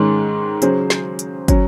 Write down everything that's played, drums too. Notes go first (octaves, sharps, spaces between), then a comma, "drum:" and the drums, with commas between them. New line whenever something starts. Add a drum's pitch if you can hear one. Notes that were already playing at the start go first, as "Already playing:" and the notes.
Already playing: G#2 D#3 G#3 C#4
C#3 F#3 C#4 G#4 C5, drum: hi-hat
drum: snare
drum: hi-hat
F#3 C#4, drum: kick, hi-hat